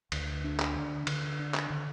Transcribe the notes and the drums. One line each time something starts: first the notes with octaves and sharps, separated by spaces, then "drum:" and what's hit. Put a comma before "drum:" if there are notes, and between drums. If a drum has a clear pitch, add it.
D2, drum: cymbal
D4
drum: clap
D3
D3, drum: cymbal
D4
drum: clap
D3